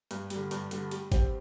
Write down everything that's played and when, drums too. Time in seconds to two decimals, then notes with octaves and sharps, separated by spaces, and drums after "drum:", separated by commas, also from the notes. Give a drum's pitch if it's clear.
0.11 G2, drum: hi-hat
0.30 G3, drum: hi-hat
0.35 D3
0.51 G2, drum: hi-hat
0.71 D3 G3, drum: hi-hat
0.91 G3, drum: hi-hat
1.12 C4 G4, drum: kick G#1, hi-hat